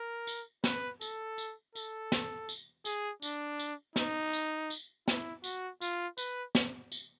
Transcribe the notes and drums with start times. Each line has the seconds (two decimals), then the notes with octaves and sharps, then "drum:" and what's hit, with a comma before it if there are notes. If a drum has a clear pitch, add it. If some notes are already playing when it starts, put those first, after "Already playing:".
Already playing: A#4
0.27 drum: tambourine
0.64 B4, drum: snare
1.01 A4, drum: tambourine
1.38 drum: tambourine
1.75 A4, drum: tambourine
2.12 drum: snare
2.49 drum: tambourine
2.85 G#4, drum: tambourine
3.22 D4, drum: tambourine
3.59 drum: tambourine
3.96 D#4, drum: snare
4.33 drum: tambourine
4.70 drum: tambourine
5.08 E4, drum: snare
5.44 F#4, drum: tambourine
5.81 F4, drum: tambourine
6.18 B4, drum: tambourine
6.55 drum: snare
6.92 drum: tambourine